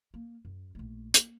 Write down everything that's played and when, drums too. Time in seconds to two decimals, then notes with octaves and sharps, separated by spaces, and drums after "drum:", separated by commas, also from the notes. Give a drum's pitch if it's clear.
0.14 A#3
0.45 F#2
0.75 A#1 A3
1.14 A#3, drum: hi-hat